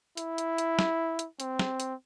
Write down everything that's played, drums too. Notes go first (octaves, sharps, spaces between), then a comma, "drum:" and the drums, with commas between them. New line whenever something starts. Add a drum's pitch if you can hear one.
E4, drum: hi-hat
drum: hi-hat
drum: hi-hat
drum: snare
drum: hi-hat
C4, drum: hi-hat
drum: snare
drum: hi-hat